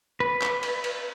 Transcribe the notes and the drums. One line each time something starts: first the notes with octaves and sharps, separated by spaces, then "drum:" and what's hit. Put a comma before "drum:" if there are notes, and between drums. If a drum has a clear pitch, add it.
B4
drum: clap
drum: cymbal
drum: cymbal